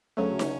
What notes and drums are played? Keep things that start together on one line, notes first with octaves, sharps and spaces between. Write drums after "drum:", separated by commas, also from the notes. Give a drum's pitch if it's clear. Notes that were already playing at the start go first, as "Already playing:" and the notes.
D2 C#3 F#3 A3 C#4
drum: snare